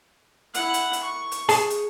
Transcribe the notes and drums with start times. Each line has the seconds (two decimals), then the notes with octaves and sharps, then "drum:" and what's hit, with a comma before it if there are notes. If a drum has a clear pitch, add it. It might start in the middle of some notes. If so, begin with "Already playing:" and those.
0.54 E4 F#5, drum: hi-hat
0.74 drum: hi-hat
0.93 drum: hi-hat
1.04 C#6
1.32 drum: hi-hat
1.49 G#4 G#5 A5, drum: open hi-hat
1.70 drum: hi-hat